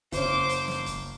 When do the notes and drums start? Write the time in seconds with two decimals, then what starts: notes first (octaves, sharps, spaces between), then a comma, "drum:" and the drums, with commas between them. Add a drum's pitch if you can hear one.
0.12 F#1 C#4 C5 D6, drum: kick, hi-hat
0.49 drum: hi-hat
0.68 drum: snare
0.86 drum: kick, hi-hat